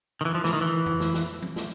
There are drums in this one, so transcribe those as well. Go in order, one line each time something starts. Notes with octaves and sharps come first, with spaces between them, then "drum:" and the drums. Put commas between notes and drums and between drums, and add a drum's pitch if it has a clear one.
D#3
E3
F3
E3, drum: snare
D#3
E3
drum: tom F2
drum: snare
drum: snare
drum: tom F3
drum: snare